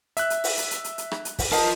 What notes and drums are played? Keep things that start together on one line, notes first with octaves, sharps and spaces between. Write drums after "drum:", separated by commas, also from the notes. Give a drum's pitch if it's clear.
E5 E6 F#6, drum: hi-hat
drum: hi-hat
drum: open hi-hat
drum: hi-hat
drum: hi-hat
drum: hi-hat
drum: hi-hat
drum: rim click
drum: hi-hat
drum: kick, open hi-hat
F4 A#4 D#5 A5, drum: open hi-hat